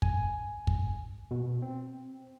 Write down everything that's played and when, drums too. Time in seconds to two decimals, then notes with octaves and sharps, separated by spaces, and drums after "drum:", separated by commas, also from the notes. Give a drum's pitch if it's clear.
0.02 G#5, drum: kick
0.67 drum: kick
1.31 B2
1.62 C4